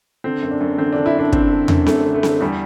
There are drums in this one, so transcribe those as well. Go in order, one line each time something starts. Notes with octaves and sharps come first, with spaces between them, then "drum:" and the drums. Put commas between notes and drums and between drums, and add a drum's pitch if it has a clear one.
D3 C4
F#2
D4
F#2
D3 C4
D3 D4
E4
F#2 D4
D3 C4, drum: kick
D3
F#2, drum: tom E2
F#2 A3, drum: snare C4
D3
A3
D3, drum: snare C4
E2 G3